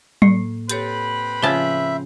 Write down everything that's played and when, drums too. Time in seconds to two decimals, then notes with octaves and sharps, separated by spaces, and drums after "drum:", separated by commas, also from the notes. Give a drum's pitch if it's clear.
0.22 A2 A#3, drum: tom F#3
0.70 C4 G4 A4 B4 C#5 B5, drum: hi-hat
1.42 C#3 F3 F4 E5 A5